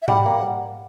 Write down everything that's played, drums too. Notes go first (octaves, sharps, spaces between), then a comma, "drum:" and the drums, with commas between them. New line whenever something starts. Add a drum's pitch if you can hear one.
E5
G3 F#5, drum: tom G#2
A#3